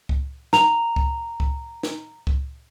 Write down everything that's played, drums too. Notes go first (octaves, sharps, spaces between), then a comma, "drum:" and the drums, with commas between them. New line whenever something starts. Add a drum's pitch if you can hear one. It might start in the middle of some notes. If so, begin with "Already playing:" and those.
drum: kick C#2
A#5 F7, drum: snare
drum: kick C#2
drum: kick C#2
drum: snare
drum: kick C#2